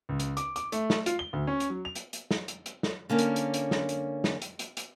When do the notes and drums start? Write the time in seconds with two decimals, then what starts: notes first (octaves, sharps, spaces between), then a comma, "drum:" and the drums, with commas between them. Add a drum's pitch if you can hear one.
0.09 C#2
0.20 drum: hi-hat
0.37 D6, drum: hi-hat
0.56 D6, drum: hi-hat
0.72 A3, drum: hi-hat
0.90 drum: snare
1.06 F4, drum: hi-hat
1.19 G7
1.33 D2
1.47 C#4
1.60 drum: hi-hat
1.70 F#3
1.85 F7
1.95 drum: hi-hat
2.13 drum: hi-hat
2.31 drum: snare
2.48 drum: hi-hat
2.66 drum: hi-hat
2.83 drum: snare
3.10 D3 A#3 C#4
3.19 drum: hi-hat
3.36 drum: hi-hat
3.54 drum: hi-hat
3.71 drum: snare
3.89 drum: hi-hat
4.24 drum: snare
4.42 drum: hi-hat
4.59 drum: hi-hat
4.77 drum: hi-hat